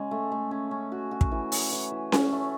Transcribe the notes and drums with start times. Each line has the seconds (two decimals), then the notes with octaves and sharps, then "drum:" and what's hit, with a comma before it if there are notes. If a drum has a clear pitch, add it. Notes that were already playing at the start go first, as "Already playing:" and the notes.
Already playing: C#3 G#3 C#4
0.11 A3
0.32 A3
0.51 C#4
0.71 C#4
0.92 F#4
1.11 F#4
1.21 drum: kick
1.32 E3
1.52 C#4, drum: open hi-hat
1.72 E3
1.92 E3
2.12 C#4, drum: snare C#4
2.32 A3